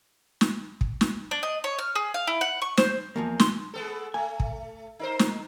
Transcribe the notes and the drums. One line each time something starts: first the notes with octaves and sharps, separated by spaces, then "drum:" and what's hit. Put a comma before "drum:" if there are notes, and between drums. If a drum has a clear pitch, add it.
drum: snare
drum: kick
drum: snare
D4
D#5
C#5
F6
G#4
F5
E4
F#5
C#6
C5, drum: snare
E2 F3 A#3
C6, drum: snare
G#3 B3 A4
A3 G#5
drum: kick
D#4 A#4 C5
drum: snare